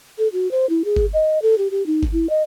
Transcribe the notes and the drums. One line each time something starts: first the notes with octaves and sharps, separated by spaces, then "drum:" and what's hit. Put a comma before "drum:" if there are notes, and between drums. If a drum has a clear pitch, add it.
A4
F#4
C5
E4
G#4
drum: kick G1
D#5
A4
G4
G4
D#4
drum: kick G1
E4
D#5